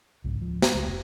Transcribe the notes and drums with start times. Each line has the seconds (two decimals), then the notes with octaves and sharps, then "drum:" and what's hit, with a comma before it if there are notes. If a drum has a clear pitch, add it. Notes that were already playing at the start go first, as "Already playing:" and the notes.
0.24 C2 G#2 C#3
0.40 D1 F3
0.62 drum: snare
0.74 C#2
0.86 F1